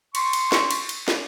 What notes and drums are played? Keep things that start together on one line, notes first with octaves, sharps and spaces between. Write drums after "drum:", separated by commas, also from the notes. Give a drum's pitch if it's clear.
C6 C#6, drum: cymbal
drum: cymbal
drum: snare
drum: cymbal
drum: cymbal
drum: snare